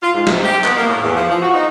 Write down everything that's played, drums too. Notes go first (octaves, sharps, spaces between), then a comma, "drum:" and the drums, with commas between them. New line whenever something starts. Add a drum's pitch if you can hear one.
F4
G#2
C3, drum: snare
G4
B3, drum: clap
A#3
A2
E2
F3
F3
F#4
D#4